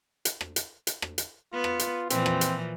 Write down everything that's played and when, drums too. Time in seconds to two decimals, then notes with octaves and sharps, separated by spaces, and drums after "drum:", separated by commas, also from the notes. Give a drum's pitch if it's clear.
0.25 drum: hi-hat
0.41 drum: rim click
0.56 drum: hi-hat
0.87 drum: hi-hat
1.02 drum: rim click
1.18 drum: hi-hat
1.53 B3 F4
1.64 drum: rim click
1.79 drum: hi-hat
2.10 A#2 E3 F3 C4, drum: hi-hat
2.26 drum: rim click
2.41 drum: hi-hat